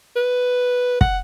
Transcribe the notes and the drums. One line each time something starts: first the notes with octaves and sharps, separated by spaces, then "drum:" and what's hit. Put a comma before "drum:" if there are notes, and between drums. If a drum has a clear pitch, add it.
B4
F#5, drum: kick